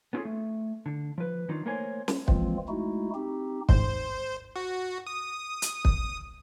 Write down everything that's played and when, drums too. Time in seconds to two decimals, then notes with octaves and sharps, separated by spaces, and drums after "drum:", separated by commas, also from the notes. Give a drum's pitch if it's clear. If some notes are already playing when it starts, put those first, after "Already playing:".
0.13 B3 C#4 F4 F#4 G#4 A4
0.25 A3
0.86 D3
1.18 F3 B4
1.48 D#3 F#3 D4 D#4 F4
1.65 A3 A#3 A#4 C5 C#5 G#5
2.08 drum: snare
2.28 E3 F3 G#3 A#3 C4 F4, drum: kick
2.68 G#3 A3 D#4 E4 F#4
3.15 C4 D#4 G4
3.69 A1 D#2 G#2 C5, drum: kick
4.56 F#4
5.07 D#6
5.62 drum: hi-hat
5.85 drum: kick